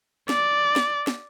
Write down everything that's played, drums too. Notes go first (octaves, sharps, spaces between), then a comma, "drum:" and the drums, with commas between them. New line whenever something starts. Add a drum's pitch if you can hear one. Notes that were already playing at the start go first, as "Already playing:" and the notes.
D5, drum: snare
drum: snare
drum: snare